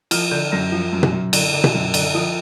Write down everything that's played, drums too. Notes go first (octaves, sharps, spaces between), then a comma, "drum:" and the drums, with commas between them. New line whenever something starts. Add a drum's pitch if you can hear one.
F3 F6, drum: cymbal
D3 G6
F#2 A#6
F3
F#2
drum: tom B2
F#2
D3, drum: cymbal
D3
drum: tom B2
F#2
D3, drum: cymbal
F3 D#6